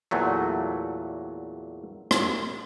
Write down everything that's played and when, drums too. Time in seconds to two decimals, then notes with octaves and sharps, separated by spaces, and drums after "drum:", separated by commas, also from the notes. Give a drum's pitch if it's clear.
0.11 E2 A#2 F#3 A3
2.11 drum: rim click